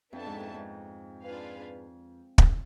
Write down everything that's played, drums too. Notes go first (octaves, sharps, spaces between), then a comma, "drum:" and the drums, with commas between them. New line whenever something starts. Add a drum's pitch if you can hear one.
F2 B3 D4 A4 E5 A5
G#2
F2
G#2
D4 F4 G#4 B4 F5
drum: kick